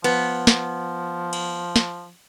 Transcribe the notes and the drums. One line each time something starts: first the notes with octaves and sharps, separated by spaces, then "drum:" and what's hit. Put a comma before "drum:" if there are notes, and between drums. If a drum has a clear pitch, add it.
F3 B3, drum: cymbal
drum: snare
drum: cymbal
drum: snare